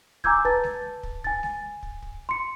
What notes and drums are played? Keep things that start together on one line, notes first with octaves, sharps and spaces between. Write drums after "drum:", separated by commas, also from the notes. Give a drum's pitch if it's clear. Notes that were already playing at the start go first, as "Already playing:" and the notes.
G#5 A#5 D6 E6 G6 G#6, drum: kick
B4 A5 A6, drum: kick
drum: snare
drum: kick
G#5 A6, drum: kick
drum: snare
drum: kick
drum: kick
C6 C#7